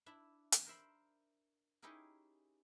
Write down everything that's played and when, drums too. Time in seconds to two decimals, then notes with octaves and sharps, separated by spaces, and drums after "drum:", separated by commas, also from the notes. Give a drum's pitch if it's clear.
0.06 D4 E4 E5
0.52 drum: hi-hat
0.66 A#4 C5 E5 B5
1.82 C#4 D#4 E4 G4 G#4 A#4